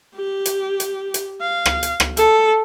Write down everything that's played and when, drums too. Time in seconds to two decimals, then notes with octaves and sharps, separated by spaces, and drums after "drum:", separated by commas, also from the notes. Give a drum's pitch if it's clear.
0.15 G4
0.45 drum: hi-hat
0.80 drum: hi-hat
1.14 drum: hi-hat
1.40 F5
1.65 drum: rim click
1.83 drum: hi-hat
2.00 drum: rim click
2.17 A4, drum: hi-hat